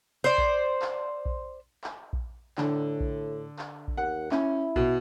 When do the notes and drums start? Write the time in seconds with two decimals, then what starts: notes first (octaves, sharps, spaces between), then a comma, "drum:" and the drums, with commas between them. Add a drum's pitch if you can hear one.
0.24 C5 D5
0.38 drum: kick A#1
0.82 drum: clap
1.26 drum: kick A#1
1.84 drum: clap
2.13 drum: kick A#1
2.58 A2 D3, drum: clap
3.00 drum: kick A#1
3.59 drum: clap
3.88 drum: kick A#1
3.97 D#2 F#5
4.32 C#4 E4, drum: clap
4.76 B2, drum: kick A#1